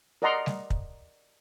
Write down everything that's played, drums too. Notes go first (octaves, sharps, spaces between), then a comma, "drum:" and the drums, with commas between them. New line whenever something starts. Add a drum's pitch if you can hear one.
A#4 D5 D#5 F#5 A#5 C6
drum: snare G3
drum: kick